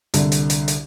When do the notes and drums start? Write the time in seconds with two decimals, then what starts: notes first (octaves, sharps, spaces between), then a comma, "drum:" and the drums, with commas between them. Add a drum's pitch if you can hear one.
0.14 C2 D3, drum: hi-hat
0.32 drum: hi-hat
0.50 drum: hi-hat
0.68 drum: hi-hat